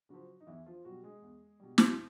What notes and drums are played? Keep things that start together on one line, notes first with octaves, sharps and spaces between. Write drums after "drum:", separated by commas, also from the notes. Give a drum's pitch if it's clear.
C#3 F3 F#3 F#4
D#4
E2 E3 E4
F3 F4
B2 F#3 G3 F#4
G#3 G#4
E2
B2 G3
drum: snare